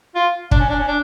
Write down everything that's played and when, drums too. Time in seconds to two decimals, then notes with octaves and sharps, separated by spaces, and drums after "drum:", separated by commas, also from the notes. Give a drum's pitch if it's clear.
0.16 F4
0.51 D4, drum: kick
0.60 C#4
0.70 D4
0.79 C#4
0.88 D4